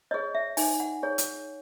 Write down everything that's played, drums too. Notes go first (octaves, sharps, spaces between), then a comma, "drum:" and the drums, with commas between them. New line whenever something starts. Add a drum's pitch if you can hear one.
G#4 C#5 D#5
E5
D#4 G#5, drum: open hi-hat
F#5
G#4 C#5
drum: hi-hat